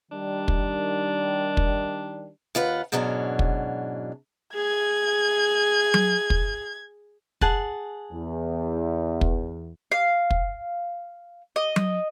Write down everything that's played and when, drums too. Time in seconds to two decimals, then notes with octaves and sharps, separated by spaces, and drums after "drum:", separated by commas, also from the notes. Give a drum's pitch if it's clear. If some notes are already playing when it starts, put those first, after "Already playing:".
0.12 D#3 G3 D4
0.48 drum: kick
1.57 drum: kick
2.55 D#2 F4 B4 F#5
2.92 G#2 B2 E3 F#3 C#4 D4
3.39 drum: kick
4.55 G#4 G#6
5.94 drum: tom F#3
6.30 drum: kick
7.41 G#4 F#5 A5, drum: kick
8.12 E2
9.21 drum: kick
9.92 F5
10.30 drum: kick
11.56 D#5
11.76 drum: tom F#3